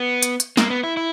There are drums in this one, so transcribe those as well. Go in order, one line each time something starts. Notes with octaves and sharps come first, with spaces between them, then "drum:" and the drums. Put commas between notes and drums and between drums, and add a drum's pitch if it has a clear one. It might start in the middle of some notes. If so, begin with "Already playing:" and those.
Already playing: B3
drum: hi-hat
drum: hi-hat
A#3, drum: snare
B3
E4
E4